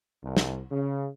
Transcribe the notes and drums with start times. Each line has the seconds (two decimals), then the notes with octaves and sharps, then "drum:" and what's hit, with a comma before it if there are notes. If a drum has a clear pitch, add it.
0.24 C2
0.37 drum: snare
0.71 C#3